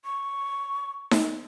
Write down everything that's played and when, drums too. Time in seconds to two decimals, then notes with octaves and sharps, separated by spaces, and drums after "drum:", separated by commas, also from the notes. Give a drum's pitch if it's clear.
0.05 C#6
1.11 drum: snare D#4